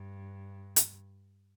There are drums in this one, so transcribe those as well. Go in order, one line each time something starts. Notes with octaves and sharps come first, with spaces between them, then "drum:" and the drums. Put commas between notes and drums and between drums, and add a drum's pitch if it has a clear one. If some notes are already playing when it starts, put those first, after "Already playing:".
Already playing: G2
drum: hi-hat